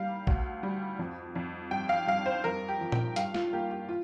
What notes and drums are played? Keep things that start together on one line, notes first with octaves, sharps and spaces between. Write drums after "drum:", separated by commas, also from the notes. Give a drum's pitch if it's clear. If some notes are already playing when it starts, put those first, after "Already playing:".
Already playing: G3 A#3 F5
D2, drum: kick A#1
G3
F2
F2
G2 G5
F5
G2 F5
C5
F2 A#4
G4
F3
G5, drum: tom A#2
G2 F5, drum: hi-hat
F4, drum: snare
A#3 G4
G4
F4